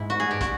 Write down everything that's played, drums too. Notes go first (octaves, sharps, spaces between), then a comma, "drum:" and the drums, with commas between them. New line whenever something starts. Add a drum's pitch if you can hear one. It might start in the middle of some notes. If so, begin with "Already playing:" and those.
Already playing: G#2 E4
F#4
G#4
G2 G4
F#4, drum: kick, hi-hat